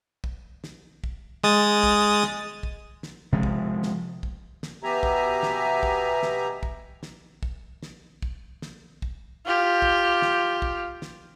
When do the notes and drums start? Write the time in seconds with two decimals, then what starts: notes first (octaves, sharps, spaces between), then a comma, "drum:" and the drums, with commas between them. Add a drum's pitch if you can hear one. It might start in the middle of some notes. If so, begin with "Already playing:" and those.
0.24 drum: kick
0.64 drum: snare
1.04 drum: kick
1.44 G#3 D#6 A6, drum: snare
1.83 drum: kick
2.23 drum: snare
2.63 drum: kick
3.03 drum: snare
3.32 C3 F3 G#3
3.43 drum: kick
3.83 drum: snare
4.23 drum: kick
4.63 drum: snare
4.83 B2 B3 G4 E5 G#5 A#5
5.03 drum: kick
5.43 drum: snare
5.83 drum: kick
6.23 drum: snare
6.63 drum: kick
7.03 drum: snare
7.43 drum: kick
7.83 drum: snare
8.22 drum: kick
8.62 drum: snare
9.02 drum: kick
9.46 F4 G4
9.82 drum: kick
10.22 drum: snare
10.62 drum: kick
11.02 drum: snare